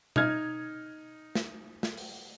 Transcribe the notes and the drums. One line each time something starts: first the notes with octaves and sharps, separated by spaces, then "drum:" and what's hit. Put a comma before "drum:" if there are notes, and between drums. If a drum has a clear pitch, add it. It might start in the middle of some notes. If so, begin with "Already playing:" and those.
D#4 F6 G#6, drum: tom B2
drum: snare
drum: snare
drum: open hi-hat